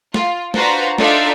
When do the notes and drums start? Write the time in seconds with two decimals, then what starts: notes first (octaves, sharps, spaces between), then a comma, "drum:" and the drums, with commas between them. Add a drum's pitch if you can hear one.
0.14 F4, drum: snare
0.54 D4 F4 F#4 B4 C5 A#5, drum: snare
0.98 D4 D#4 F4 A4 D5 E5, drum: snare